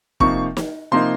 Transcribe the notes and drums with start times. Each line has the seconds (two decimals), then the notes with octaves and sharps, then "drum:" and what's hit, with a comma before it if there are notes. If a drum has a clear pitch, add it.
0.20 C3 F3 A#3 D#4 C#6, drum: kick
0.57 drum: snare
0.92 C3 F3 A#3 D#4 C6